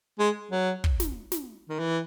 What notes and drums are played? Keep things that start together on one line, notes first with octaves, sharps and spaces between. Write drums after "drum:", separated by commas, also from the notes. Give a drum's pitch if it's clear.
G#3
F#3
drum: kick
drum: snare
drum: snare
D#3
E3